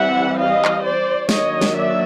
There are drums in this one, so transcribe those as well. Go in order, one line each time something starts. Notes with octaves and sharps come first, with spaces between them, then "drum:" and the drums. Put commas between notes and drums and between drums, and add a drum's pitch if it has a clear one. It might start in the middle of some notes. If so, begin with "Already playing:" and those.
Already playing: E3 G3 C4 E5 F#5
D#5 F5
drum: clap
C5 D5
D#3 F#3 A#3 D4 C#5 D#5, drum: snare
drum: snare
D5 E5